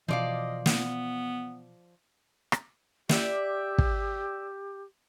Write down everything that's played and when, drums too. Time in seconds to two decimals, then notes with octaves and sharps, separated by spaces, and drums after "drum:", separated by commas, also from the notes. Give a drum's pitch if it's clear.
0.08 B2 E3 F3 D5 D#5 F5
0.66 B3, drum: snare
2.52 drum: rim click
3.09 G4 D5 E5, drum: snare
3.78 drum: kick